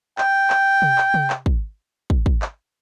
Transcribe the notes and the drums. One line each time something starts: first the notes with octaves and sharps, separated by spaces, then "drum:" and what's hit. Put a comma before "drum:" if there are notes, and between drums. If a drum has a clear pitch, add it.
G5, drum: clap
drum: clap
drum: tom
drum: clap
drum: tom
drum: clap
drum: kick
drum: kick
drum: kick
drum: clap